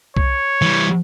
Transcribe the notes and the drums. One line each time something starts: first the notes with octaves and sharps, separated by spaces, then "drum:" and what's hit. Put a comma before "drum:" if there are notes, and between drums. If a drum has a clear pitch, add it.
C#5, drum: kick B1
E3 G3